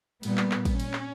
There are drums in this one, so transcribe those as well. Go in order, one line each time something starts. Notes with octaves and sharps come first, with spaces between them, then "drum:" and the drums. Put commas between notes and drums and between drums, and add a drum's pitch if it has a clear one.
A#2 G3 B3, drum: cymbal
drum: clap
drum: clap
drum: kick, cymbal
C#4, drum: cymbal
drum: clap